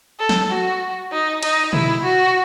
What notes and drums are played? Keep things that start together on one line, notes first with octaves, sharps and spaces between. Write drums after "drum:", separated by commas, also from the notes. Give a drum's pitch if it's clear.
A4
drum: snare
F#4
D#4
D#4, drum: cymbal
E4, drum: tom B2
F#4